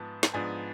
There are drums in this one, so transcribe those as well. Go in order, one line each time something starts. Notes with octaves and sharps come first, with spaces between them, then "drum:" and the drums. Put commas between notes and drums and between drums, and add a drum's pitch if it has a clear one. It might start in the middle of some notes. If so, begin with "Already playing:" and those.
Already playing: G#2 F3 B3 A5
drum: snare
G#2 F3 B3 D4 G#5